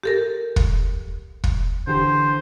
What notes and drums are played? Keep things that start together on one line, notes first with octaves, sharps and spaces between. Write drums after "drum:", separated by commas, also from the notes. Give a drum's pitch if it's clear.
G4 A4 A#4
drum: kick
drum: kick
D3 E3 G4 C5